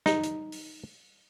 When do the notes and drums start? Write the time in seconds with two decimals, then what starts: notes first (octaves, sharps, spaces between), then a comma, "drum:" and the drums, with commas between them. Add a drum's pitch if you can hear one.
0.06 D#4, drum: snare
0.23 drum: hi-hat
0.52 drum: open hi-hat